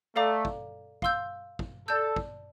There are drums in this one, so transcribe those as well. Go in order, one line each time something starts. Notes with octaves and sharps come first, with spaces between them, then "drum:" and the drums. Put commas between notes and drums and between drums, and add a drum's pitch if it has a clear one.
A3 A4 D5 F5 A#5 D6
drum: kick
F5 C6 E6 G6, drum: kick
drum: kick
A4 D5 A5 E6 G6
drum: kick